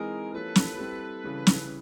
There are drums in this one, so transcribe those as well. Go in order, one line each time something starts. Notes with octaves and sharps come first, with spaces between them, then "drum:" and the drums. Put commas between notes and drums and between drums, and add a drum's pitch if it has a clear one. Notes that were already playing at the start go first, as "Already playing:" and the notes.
Already playing: E3 G#3 C4 D#4 G#4 A#4
F3 A#3 C#4 E4 G4 A4 B4
drum: snare
G3 C4 E4 G4
C#3 E3 G3
drum: snare